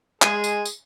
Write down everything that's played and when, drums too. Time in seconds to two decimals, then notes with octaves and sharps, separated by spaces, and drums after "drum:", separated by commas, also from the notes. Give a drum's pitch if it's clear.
0.22 G#3 G#4, drum: clap
0.44 drum: tambourine
0.65 drum: tambourine